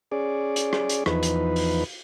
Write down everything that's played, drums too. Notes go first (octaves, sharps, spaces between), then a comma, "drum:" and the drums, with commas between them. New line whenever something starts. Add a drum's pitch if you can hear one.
C#4 G#4 D5
drum: hi-hat
drum: rim click
drum: hi-hat
E2 F3 D#4 B4, drum: rim click
drum: hi-hat
drum: open hi-hat